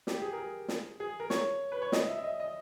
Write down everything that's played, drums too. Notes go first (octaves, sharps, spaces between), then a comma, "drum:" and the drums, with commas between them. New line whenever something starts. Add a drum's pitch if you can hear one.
G4, drum: snare
G#4
A#4
G#4
drum: snare
G#4
A#4
C#5, drum: snare
B4
C#5
D#5, drum: snare
E5
E5
D#5
D#5